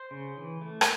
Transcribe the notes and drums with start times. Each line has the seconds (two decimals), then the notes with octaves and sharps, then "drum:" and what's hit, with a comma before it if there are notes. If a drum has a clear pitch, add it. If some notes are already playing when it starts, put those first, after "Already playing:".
Already playing: C5
0.11 C#3
0.37 E3
0.61 A3
0.81 drum: rim click